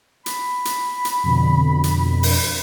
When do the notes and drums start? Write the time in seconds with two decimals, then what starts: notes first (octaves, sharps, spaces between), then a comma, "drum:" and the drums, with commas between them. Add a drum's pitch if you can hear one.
0.26 B5, drum: hi-hat
0.65 drum: hi-hat
1.05 drum: hi-hat
1.23 F2 B2 D3
1.84 drum: hi-hat
2.23 drum: open hi-hat